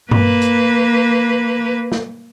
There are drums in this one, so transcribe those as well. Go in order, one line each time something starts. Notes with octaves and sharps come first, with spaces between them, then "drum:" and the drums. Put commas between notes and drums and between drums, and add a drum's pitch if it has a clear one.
A#3 B4, drum: tom G2
drum: hi-hat
drum: snare